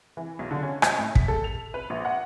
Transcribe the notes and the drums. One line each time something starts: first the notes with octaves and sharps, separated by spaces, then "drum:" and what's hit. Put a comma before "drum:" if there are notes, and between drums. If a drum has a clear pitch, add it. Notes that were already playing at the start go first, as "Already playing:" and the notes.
E3
B1
D3
C#4
D#5, drum: rim click
A2
B6, drum: kick
A4
F7
B4
A#1
F#5